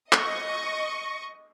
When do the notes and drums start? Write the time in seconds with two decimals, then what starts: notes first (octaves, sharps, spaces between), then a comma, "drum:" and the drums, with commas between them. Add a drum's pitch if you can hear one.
0.12 D#5 C#6, drum: clap